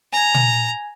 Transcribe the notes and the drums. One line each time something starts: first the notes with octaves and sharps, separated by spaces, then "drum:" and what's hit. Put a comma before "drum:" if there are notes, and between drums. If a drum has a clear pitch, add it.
G#5 A#5 G#6
drum: tom